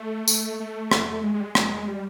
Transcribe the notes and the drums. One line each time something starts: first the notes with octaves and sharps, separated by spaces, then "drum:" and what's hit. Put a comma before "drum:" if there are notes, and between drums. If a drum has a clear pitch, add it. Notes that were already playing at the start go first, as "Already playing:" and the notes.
Already playing: A3
drum: tambourine
A3
drum: rim click
G#3
G#3
G3
G#3
G#3, drum: rim click
G#3
G3